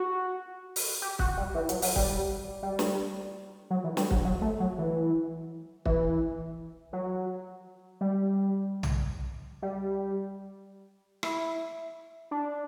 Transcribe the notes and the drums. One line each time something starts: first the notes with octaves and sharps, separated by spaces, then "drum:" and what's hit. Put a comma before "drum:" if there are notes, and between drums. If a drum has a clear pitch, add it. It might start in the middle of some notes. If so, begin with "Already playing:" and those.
Already playing: F#4
drum: open hi-hat
G4
F#4, drum: kick
G3
E3
F#3, drum: hi-hat
F#3, drum: open hi-hat
G3, drum: kick
G3
drum: snare
F#3
E3
G3, drum: snare
F#3, drum: kick
F#3
A3
F#3
E3
E3, drum: kick
F#3
G3
drum: tom
G3
E4, drum: rim click
D4